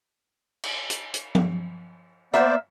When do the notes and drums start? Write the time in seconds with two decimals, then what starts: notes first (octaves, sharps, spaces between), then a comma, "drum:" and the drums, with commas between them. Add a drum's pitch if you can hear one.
0.64 drum: cymbal
0.90 drum: hi-hat
1.14 drum: hi-hat
1.35 drum: tom F3
2.34 A#3 B3 C5 D5 E5, drum: rim click